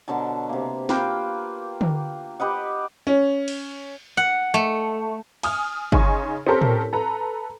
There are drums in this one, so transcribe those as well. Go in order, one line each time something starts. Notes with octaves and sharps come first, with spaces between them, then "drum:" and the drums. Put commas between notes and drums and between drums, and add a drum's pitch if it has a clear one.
B2 D3 F#3 A5
C3 A#3
A#3 F4 B4 G5, drum: snare
drum: tom D3
G4 B4 D#5 F#5
C#4
drum: cymbal
F#5
A3
G#5 D#6 F6, drum: cymbal
C#3 D#4 G#5 C6 C#6, drum: kick G1
C4 C#4 G4 A4 A#4 C5
drum: tom A2
A4 B4 A#5